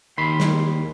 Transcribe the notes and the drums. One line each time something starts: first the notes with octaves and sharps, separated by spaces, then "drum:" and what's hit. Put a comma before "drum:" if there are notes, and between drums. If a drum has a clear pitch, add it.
D#2 D#3 B5 C6
drum: snare